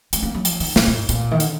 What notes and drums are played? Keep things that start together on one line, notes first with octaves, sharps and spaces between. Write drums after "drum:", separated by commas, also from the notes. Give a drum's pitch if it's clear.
G#3, drum: hi-hat
A#3
F#3
F3, drum: hi-hat
D#3, drum: open hi-hat
B2, drum: snare
A#2
G#2
A#2, drum: hi-hat
D#3
D3, drum: hi-hat